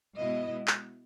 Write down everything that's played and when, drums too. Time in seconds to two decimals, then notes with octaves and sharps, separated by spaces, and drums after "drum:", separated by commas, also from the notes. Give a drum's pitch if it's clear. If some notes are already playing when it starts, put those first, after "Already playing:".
0.17 B2 G#3 B3 E4 D#5
0.68 drum: clap